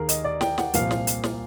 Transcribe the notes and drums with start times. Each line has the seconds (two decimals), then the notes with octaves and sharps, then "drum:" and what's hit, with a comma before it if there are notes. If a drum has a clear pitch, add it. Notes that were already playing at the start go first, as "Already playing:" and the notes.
Already playing: D#2 D#3 G#4 A#4
0.09 D#5, drum: hi-hat
0.24 D5
0.41 G5, drum: snare
0.58 F#5, drum: snare
0.74 C2 A#2 F3 F5, drum: hi-hat
0.91 drum: snare
1.07 drum: hi-hat
1.24 drum: snare